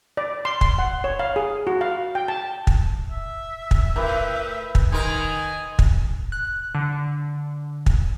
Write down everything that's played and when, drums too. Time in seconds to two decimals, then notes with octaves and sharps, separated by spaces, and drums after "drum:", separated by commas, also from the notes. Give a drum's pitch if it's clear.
0.17 D5
0.45 C6
0.61 C6, drum: kick
0.79 F#5
1.04 C#5
1.19 F5
1.36 G#4
1.67 F#4
1.81 F5
2.15 G5
2.28 A5
2.67 drum: kick
3.11 E5
3.71 drum: kick
3.96 A2 A#4 B4
4.75 drum: kick
4.92 D#3 A#4 D#5 G#5 C6
5.79 drum: kick
6.32 F#6
6.75 D3
7.86 drum: kick